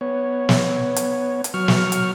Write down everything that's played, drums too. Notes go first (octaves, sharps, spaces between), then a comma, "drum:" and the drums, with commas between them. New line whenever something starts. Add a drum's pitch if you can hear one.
B3 C#5
drum: snare
drum: hi-hat
drum: hi-hat
F#3 C#6 F6
drum: snare
drum: hi-hat